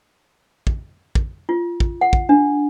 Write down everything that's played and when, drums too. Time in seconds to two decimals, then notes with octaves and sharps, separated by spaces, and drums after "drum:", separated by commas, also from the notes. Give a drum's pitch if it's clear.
0.67 drum: kick
1.15 drum: kick
1.49 F4
1.80 drum: kick
2.01 F#5
2.13 drum: kick
2.29 D4